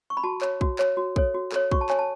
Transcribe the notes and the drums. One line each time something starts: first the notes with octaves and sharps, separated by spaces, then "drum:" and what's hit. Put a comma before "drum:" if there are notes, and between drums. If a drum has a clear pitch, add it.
C#6
B5
F#4 A5
C#5, drum: clap
F#4, drum: kick
C#5, drum: clap
F#4
A4 C#5, drum: kick
F#4
A4 C#5, drum: clap
F#4 C#6, drum: kick
A5
C#5 G#5, drum: clap
A5